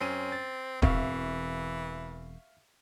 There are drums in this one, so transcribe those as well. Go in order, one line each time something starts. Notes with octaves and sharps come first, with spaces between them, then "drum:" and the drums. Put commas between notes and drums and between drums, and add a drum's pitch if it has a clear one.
F#2 C4 C#4 D#7
A6
E1 E3 C4 E5 F5 C#6, drum: kick D#1